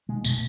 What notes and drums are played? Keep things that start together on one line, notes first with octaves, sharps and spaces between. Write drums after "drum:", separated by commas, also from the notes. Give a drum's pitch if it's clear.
B2 G#3
B2 A3, drum: tambourine